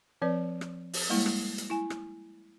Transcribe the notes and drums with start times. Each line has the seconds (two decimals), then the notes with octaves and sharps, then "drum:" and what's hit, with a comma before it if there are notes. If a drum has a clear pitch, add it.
0.22 F3 C4 B4 D5
0.61 drum: rim click
0.93 drum: open hi-hat
1.10 G3 G#3 A#3 E4
1.26 drum: rim click
1.58 drum: hi-hat
1.70 E4 G#5
1.90 drum: rim click